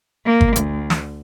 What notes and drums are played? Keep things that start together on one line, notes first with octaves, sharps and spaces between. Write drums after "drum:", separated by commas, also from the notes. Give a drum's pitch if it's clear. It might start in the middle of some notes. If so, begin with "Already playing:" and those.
A#3
drum: kick G1
D2, drum: hi-hat
drum: snare